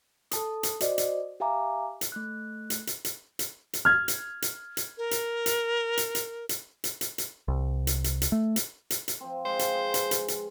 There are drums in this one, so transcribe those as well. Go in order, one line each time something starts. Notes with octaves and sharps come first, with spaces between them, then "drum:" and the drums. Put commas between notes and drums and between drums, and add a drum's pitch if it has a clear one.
A4 A5 D#6, drum: hi-hat
drum: hi-hat
F#4 C5 D5 D#5, drum: hi-hat
drum: hi-hat
G4 E5 F5 G#5 A#5 D6
drum: hi-hat
A3 F#6
drum: hi-hat
drum: hi-hat
drum: hi-hat
drum: hi-hat
drum: hi-hat
F6 G#6
drum: hi-hat
drum: hi-hat
drum: hi-hat
A#4
drum: hi-hat
drum: hi-hat
drum: hi-hat
drum: hi-hat
drum: hi-hat
drum: hi-hat
drum: hi-hat
drum: hi-hat
C2
drum: hi-hat
drum: hi-hat
drum: hi-hat
A3
drum: hi-hat
drum: hi-hat
drum: hi-hat
F3 C4
G#3 F4 C5
drum: hi-hat
G#4 B4
drum: hi-hat
drum: hi-hat
drum: hi-hat